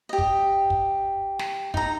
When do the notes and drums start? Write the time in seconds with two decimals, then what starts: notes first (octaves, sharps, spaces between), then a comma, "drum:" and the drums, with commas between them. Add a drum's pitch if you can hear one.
0.09 G4 D#5
0.18 drum: kick
0.70 drum: kick
1.39 drum: snare
1.74 D#4 A#5, drum: kick